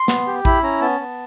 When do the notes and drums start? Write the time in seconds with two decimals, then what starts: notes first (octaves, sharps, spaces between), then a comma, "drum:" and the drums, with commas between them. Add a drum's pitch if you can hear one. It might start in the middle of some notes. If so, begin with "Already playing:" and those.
Already playing: C6
0.08 B3, drum: snare
0.27 G4
0.45 E4 B5, drum: kick A1
0.63 C#4 A#5
0.81 B3 A5
1.00 B3